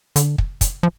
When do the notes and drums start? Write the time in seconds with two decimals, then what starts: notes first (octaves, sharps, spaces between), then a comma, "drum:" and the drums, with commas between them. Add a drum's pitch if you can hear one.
0.16 D3, drum: hi-hat
0.38 drum: kick
0.61 drum: kick, hi-hat
0.83 F3